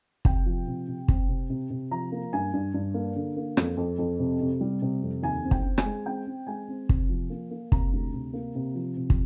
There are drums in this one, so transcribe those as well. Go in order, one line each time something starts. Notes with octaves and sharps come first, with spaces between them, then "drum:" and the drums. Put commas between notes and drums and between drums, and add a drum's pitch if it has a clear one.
C3 G5, drum: kick
F3
C3
C3
C4, drum: kick
C3
C3
C3
F3 A#5
A#3
G2 G#5
G2
G2
A#3
D3
A#3
F2, drum: rim click
F2
F2
C3
C3
G3
C3
F2
D#2 G#5
C4
G5, drum: kick
C4
G#5, drum: rim click
G#3
C4 G5
C4
G#3 G#5
C4
C3, drum: kick
F3
A#3
A#3
C3 A#5, drum: kick
D2
C3
A#3
C3
F3
C3
drum: kick